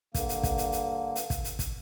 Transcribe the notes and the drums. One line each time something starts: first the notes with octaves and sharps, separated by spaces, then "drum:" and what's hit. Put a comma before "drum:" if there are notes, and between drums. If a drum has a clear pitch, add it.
G2 D3 A#3, drum: kick, hi-hat
drum: hi-hat
drum: kick, hi-hat
drum: hi-hat
drum: hi-hat
drum: hi-hat
drum: kick, hi-hat
drum: hi-hat
drum: kick, hi-hat